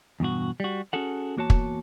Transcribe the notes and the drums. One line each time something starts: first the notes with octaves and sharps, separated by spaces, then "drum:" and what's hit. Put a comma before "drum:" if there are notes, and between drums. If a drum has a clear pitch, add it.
E2 G2 B2 F#4
G3 F#4
C#4 F#4 G#4 A4 F#5
E2 A#3 F#4 C#5 A5
drum: kick